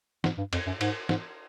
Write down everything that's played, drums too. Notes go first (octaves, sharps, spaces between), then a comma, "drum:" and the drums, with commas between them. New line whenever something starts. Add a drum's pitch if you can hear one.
G#2, drum: snare
G2
F2, drum: cymbal
F#2
G#2, drum: cymbal
G#2, drum: snare